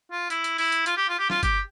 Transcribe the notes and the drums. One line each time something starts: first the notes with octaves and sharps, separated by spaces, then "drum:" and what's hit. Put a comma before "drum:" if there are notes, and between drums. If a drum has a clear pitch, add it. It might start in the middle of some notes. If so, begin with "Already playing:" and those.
F4
E4, drum: hi-hat
drum: hi-hat
E4, drum: open hi-hat
drum: hi-hat
F4, drum: hi-hat
G4
F4
G4
F4, drum: snare
G4, drum: kick, hi-hat